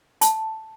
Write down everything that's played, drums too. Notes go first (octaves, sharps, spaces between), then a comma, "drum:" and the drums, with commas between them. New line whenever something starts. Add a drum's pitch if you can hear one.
A5, drum: hi-hat